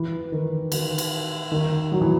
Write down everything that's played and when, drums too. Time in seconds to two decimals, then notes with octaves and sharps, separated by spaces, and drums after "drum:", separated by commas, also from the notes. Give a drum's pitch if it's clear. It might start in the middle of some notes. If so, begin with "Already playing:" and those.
Already playing: E3
0.32 D#3
0.72 D#3, drum: cymbal
0.98 drum: cymbal
1.52 D#3
1.92 F#3
2.01 E3